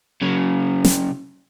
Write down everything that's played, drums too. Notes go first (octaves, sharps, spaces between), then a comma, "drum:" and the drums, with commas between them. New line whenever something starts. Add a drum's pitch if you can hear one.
C#3 F#3
drum: snare